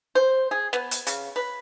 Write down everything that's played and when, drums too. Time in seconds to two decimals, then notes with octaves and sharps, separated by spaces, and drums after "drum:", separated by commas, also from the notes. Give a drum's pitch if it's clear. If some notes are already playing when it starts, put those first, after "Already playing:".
0.15 C5
0.51 G#4
0.73 B3, drum: snare
0.91 drum: hi-hat
1.07 C#3, drum: hi-hat
1.36 B4